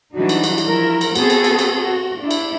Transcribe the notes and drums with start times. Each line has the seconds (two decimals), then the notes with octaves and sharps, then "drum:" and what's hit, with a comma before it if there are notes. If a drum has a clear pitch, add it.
0.15 E3 F#3 G3 D4 D#4 F#4
0.29 drum: cymbal
0.44 drum: cymbal
0.58 drum: cymbal
0.67 F3 E4 A#4
1.01 drum: cymbal
1.15 B3 C4 F#4 G#4 A4, drum: cymbal
1.30 drum: cymbal
1.44 drum: cymbal
1.59 drum: cymbal
1.80 F#4
2.21 D4 E4
2.31 drum: cymbal